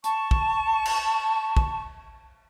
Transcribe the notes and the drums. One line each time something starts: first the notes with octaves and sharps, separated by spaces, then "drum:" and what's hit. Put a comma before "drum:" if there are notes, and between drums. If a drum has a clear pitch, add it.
A5 C#6, drum: hi-hat
drum: kick
drum: cymbal
drum: kick